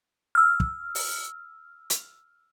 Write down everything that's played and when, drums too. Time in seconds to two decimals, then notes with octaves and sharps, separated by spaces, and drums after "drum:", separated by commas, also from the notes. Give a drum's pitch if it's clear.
0.35 E6 F6
0.60 drum: kick
0.95 drum: open hi-hat
1.90 drum: hi-hat